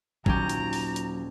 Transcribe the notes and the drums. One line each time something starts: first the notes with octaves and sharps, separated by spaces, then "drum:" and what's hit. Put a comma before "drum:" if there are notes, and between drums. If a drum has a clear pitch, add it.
D#1 F#3 C#4 G4 A#5, drum: kick A1
drum: hi-hat
drum: open hi-hat
drum: hi-hat